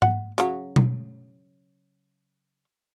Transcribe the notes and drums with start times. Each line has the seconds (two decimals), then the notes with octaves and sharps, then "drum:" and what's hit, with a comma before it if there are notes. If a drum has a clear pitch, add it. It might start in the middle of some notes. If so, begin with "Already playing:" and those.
0.02 F#5, drum: tom G#2
0.38 C#3 F#3, drum: hi-hat
0.76 drum: tom B2